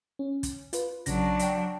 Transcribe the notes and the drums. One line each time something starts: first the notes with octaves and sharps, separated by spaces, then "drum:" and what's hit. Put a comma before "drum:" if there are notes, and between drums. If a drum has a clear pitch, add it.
C#4
drum: kick, hi-hat
F4 B4, drum: hi-hat
A#1 C#3 F#3 D4 A#6, drum: hi-hat
D5 G5, drum: hi-hat